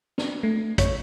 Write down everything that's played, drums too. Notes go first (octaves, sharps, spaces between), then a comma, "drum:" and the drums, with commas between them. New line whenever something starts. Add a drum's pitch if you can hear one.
D4, drum: snare
A3
C#5, drum: kick, hi-hat